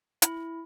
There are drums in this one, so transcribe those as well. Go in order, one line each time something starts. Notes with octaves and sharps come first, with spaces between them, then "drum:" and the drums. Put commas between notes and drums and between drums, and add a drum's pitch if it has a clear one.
E4, drum: hi-hat